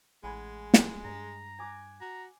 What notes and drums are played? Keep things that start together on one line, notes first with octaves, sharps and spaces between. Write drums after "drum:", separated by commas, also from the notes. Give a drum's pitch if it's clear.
A1 G#3 F#5 G#5 B5
drum: snare
G2 A#5
G#5 D6 F#6
F#4 A#5